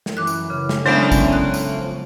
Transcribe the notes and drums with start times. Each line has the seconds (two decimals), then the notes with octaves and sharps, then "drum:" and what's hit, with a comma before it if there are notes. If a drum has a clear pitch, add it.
0.06 drum: snare
0.17 F#2 E3 D6 F#6
0.27 drum: tambourine
0.50 C#3
0.69 drum: snare
0.86 A2 F#3 G#3 A#3 B3 C#4 D4 C5
1.12 drum: kick, tambourine
1.33 F#6
1.54 drum: tambourine
1.71 F3